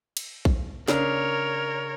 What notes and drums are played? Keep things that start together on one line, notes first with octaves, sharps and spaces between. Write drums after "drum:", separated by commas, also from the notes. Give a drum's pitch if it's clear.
drum: cymbal
drum: kick
C#3 C#4 D4 A#4 C#5, drum: snare